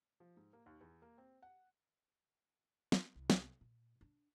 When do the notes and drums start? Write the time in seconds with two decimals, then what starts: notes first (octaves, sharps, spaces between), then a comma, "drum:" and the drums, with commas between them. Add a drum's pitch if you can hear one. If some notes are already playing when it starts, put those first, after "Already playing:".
0.20 F3
0.37 G#2
0.53 A#3
0.66 D#2
0.81 E2
1.02 A#3
1.18 C4
1.43 F#5
2.92 drum: snare
3.15 C2
3.30 drum: snare
3.61 A#2
4.01 D4